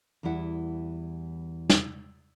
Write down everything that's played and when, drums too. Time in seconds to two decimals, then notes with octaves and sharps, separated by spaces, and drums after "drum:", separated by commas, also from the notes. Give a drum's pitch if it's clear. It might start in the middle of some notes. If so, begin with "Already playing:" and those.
0.23 E2 E3 G3 E4 F#5
1.70 drum: snare